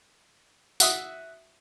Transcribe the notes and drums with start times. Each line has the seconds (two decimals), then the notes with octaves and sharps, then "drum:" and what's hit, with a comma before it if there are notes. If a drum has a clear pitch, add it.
0.80 F#4 E5 D#6, drum: tambourine